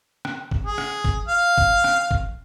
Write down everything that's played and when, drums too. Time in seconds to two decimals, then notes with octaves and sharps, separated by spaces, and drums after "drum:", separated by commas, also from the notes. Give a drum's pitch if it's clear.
0.25 drum: rim click
0.51 drum: kick G1
0.65 G#4
0.78 drum: rim click
1.05 drum: kick G1
1.28 F5
1.58 drum: kick G1
1.84 drum: rim click
2.11 drum: kick G1